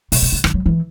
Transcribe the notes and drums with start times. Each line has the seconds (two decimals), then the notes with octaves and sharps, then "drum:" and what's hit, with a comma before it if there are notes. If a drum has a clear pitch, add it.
0.12 B2, drum: open hi-hat
0.22 B2
0.32 C#3
0.44 D#3, drum: rim click
0.54 F#3
0.66 E3